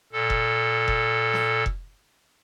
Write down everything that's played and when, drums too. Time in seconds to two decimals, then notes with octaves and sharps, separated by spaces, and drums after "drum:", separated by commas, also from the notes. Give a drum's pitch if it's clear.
0.12 A#2 A4
0.30 drum: kick F1
0.88 drum: kick F1
1.34 drum: snare
1.66 drum: kick F1